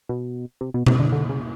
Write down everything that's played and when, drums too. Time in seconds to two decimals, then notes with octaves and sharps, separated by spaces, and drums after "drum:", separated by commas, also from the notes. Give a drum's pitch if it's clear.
0.09 B2
0.61 C3
0.74 B2
0.86 C3, drum: tom B2
1.00 D3
1.12 D3
1.29 C#3